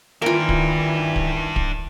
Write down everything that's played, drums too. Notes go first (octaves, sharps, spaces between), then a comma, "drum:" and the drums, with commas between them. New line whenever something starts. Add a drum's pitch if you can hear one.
D#3 E3 A#3 D4 F4 G5
drum: kick D1
drum: kick D1
drum: kick D1